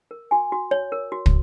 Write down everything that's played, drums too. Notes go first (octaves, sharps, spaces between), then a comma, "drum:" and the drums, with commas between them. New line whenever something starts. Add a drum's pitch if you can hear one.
A#4
F#4 G#5
F#4
C#5
A#4
F#4
drum: kick